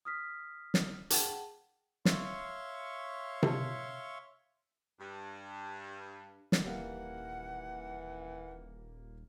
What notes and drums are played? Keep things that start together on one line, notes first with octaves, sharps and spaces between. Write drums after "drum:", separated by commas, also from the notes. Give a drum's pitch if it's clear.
D#6 F6 B6
drum: snare
G#4 F#5 G5 A5, drum: hi-hat
C#5 E5 F5 C6 C#6, drum: snare
drum: tom C3
G2
drum: snare
D#1 E3 G3 A#3 F#5